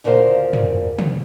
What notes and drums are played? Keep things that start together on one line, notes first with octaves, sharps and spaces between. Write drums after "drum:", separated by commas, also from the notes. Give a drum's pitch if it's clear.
D2 A#2 C#3 A#4 C5 F5
drum: tom
drum: tom